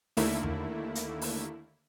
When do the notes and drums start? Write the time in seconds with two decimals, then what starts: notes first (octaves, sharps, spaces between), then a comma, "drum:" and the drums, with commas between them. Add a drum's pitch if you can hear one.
0.17 D#2 D3 A3 A#3 E4, drum: open hi-hat
0.43 drum: tom E2
0.95 drum: hi-hat
1.22 drum: open hi-hat